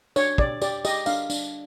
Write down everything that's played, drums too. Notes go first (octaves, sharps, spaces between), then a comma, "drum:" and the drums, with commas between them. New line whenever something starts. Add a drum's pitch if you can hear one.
D4 C#5, drum: tambourine
G4 D5, drum: kick
G4 D5, drum: tambourine
G4 D#5, drum: tambourine
D4 F5, drum: tambourine
D4, drum: tambourine